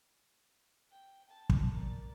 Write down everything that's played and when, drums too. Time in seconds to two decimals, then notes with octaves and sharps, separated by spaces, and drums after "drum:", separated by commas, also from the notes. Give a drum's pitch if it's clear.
0.90 G5
1.29 A5
1.50 drum: kick
1.73 A#4 D5